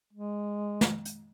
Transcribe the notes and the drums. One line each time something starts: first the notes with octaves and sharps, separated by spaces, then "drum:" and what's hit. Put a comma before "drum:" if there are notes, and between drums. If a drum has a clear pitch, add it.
G#3
drum: snare
drum: hi-hat